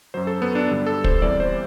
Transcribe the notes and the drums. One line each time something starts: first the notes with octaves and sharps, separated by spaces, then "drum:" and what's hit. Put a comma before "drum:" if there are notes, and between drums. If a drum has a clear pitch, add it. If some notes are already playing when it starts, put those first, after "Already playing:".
F#2 F#3 C5
A4
B3
D4
G2 D3 G3
A4
C5, drum: kick
E2 C3 E3 G3 D5
C5